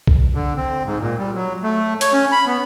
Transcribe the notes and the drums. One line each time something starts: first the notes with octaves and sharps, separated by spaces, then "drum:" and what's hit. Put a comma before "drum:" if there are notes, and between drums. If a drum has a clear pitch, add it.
drum: kick B1
D3
C4
G#2
A#2
G3
F#3
A3
C#5, drum: hi-hat
C#4
B5
B3